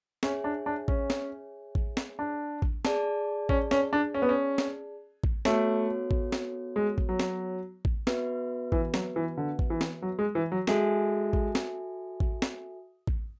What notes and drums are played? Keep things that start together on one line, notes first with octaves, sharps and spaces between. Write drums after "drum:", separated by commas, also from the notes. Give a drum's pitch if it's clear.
C#4 G#4 C#5 E5 G#5, drum: snare
D4
D4
C#4, drum: kick A1
drum: snare
drum: kick A1
drum: snare
D4
drum: kick A1
G#4 D5 A5, drum: snare
C#4, drum: kick A1
C#4, drum: snare
D4
C#4
B3
C#4
drum: snare
drum: kick A1
A3 B3 F#4 A4 C#5, drum: snare
drum: kick A1
drum: snare
G#3
drum: kick A1
F#3
drum: snare
drum: kick A1
B3 F#4 B4 E5, drum: snare
E3, drum: kick A1
F#3, drum: snare
E3
D3
drum: kick A1
E3
drum: snare
F#3
G#3
E3
F#3
G#3 F#4 A4 E5 G#5, drum: snare
drum: kick A1
drum: snare
drum: kick A1
drum: snare
drum: kick A1